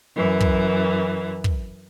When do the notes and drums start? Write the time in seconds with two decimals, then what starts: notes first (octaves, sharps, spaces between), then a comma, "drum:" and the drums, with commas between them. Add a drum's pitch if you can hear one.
0.15 F#2 E3
0.40 drum: kick
1.44 drum: kick